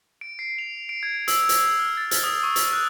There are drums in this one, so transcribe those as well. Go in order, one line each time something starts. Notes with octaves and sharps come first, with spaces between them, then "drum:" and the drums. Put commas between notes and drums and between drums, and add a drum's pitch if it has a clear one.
D7
C7
F7
D7
G#6
E6, drum: hi-hat
drum: hi-hat
F6
A6
F6, drum: hi-hat
D#6
C#6
drum: hi-hat
F#6